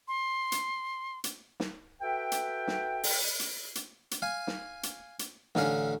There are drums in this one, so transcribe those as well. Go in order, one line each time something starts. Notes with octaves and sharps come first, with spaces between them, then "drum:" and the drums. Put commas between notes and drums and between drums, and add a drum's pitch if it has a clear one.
C6
drum: hi-hat
drum: hi-hat
drum: snare
F#4 A4 B4 E5 G5
drum: hi-hat
drum: snare
drum: open hi-hat
drum: hi-hat
drum: hi-hat
drum: hi-hat
F5 G#5
drum: snare
drum: hi-hat
drum: hi-hat
A1 D3 C#4 F5, drum: snare